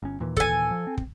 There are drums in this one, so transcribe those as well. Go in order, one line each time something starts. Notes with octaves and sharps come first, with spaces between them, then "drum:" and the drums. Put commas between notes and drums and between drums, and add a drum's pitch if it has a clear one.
G1 C#4
D#2 A#2 E3
A4 G#5, drum: kick
F3
C4
drum: kick